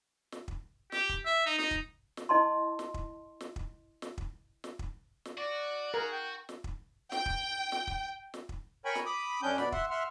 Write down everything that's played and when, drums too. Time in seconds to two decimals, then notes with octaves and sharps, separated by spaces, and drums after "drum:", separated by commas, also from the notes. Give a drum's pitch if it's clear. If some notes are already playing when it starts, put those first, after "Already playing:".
0.32 drum: snare
0.48 drum: kick
0.92 G4, drum: snare
1.09 drum: kick
1.25 E5
1.46 D#4
1.58 D#4, drum: snare
1.71 drum: kick
2.17 drum: snare
2.29 E4 D#5 A5 C6
2.79 drum: snare
2.94 drum: kick
3.41 drum: snare
3.56 drum: kick
4.02 drum: snare
4.18 drum: kick
4.64 drum: snare
4.79 drum: kick
5.25 drum: snare
5.38 F#4 D5
5.94 G#4 A#4
6.12 G5
6.49 drum: snare
6.64 drum: kick
7.12 G5, drum: snare
7.26 drum: kick
7.72 drum: snare
7.87 drum: kick
8.34 drum: snare
8.49 drum: kick
8.85 A#4 C#5 G5 G#5 B5 C#6
8.95 drum: snare
9.06 B5 D6 D#6
9.43 F#2 C#4 D4 G5 G6
9.58 B2 B3 D5 B5, drum: snare
9.72 E5 F#5 C6, drum: kick
9.91 E5 F#5 C6 F6